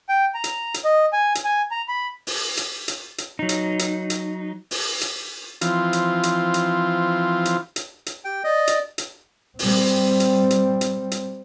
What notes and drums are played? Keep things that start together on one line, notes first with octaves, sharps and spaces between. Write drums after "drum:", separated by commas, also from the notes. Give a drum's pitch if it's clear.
G5
A#5
drum: hi-hat
drum: hi-hat
D#5
G#5
drum: hi-hat
G#5
A#5
B5
drum: open hi-hat
drum: hi-hat
drum: hi-hat
drum: hi-hat
F#3 D#4
drum: hi-hat
drum: hi-hat
drum: hi-hat
drum: open hi-hat
drum: hi-hat
E3 F3 C4 F4, drum: hi-hat
drum: hi-hat
drum: hi-hat
drum: hi-hat
drum: hi-hat
drum: hi-hat
drum: hi-hat
G4 G5
D5 D#5
drum: hi-hat
drum: hi-hat
G3 C4, drum: open hi-hat
drum: hi-hat
drum: hi-hat
drum: hi-hat
drum: hi-hat